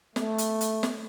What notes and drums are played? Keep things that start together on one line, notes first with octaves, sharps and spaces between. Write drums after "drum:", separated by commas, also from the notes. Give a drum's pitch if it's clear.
A3, drum: snare
drum: hi-hat
drum: hi-hat
drum: snare